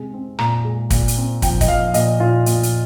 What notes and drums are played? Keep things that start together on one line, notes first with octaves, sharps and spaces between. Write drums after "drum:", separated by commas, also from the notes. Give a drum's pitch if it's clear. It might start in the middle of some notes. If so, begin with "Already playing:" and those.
Already playing: C3 G#3
C4
A#2 A#5, drum: rim click
G#3
A#2, drum: kick, hi-hat
drum: hi-hat
C4
F3 G5, drum: kick, hi-hat
D#5, drum: kick, hi-hat
F3 F5
A#2 D#5, drum: hi-hat
A#2 F4
A#2, drum: hi-hat
drum: hi-hat